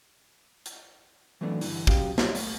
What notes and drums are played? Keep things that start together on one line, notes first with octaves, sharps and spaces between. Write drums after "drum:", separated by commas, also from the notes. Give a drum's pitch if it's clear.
drum: hi-hat
E3 F#3 A3 B3 D4
G2 D3 E3, drum: open hi-hat
F#2 C#3 F#4 G4 F5, drum: kick
G3 D#4 F4 G4 C#5 D5, drum: snare
A3, drum: open hi-hat